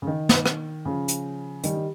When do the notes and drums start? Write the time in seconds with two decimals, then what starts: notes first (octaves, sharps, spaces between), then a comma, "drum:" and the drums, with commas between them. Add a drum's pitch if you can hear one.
0.02 C#3
0.07 D#3
0.29 drum: snare
0.46 drum: rim click
0.85 C#3 F3
1.08 drum: hi-hat
1.63 D#3 G3, drum: hi-hat
1.76 G3